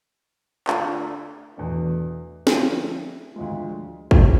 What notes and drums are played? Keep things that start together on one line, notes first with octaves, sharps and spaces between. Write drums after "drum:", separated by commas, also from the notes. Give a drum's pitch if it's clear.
D3 A3 D4 F4 A4, drum: clap
E2 B2 A3 D4
D3 F3 A3 E4 G#4, drum: snare
D2 D3 F3 G#3
drum: kick